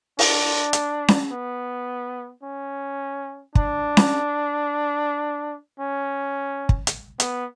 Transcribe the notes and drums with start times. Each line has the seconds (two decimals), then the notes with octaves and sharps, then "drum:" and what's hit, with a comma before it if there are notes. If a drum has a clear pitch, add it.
0.19 D4, drum: open hi-hat
0.73 drum: hi-hat
1.08 drum: snare C#4
1.31 B3
2.43 C#4
3.55 D4, drum: kick
3.97 drum: snare C#4
5.80 C#4
6.69 drum: kick
6.87 drum: hi-hat
7.20 B3, drum: hi-hat